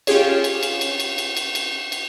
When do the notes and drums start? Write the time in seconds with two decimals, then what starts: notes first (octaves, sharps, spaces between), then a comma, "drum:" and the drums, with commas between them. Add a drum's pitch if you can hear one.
0.07 C#4 F4 G4 G#4 C#5, drum: cymbal
0.44 drum: cymbal
0.63 drum: cymbal
0.81 drum: cymbal
1.00 drum: cymbal
1.18 drum: cymbal
1.37 drum: cymbal
1.55 drum: cymbal
1.92 drum: cymbal